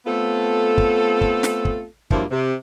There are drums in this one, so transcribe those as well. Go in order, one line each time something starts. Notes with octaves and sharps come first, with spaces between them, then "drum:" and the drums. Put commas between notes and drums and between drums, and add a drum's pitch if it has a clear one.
A3 B3 C4 F4 A4
drum: kick
drum: kick
drum: snare
drum: kick
G2 F3 F#3 A#3 E4 F4, drum: kick
C3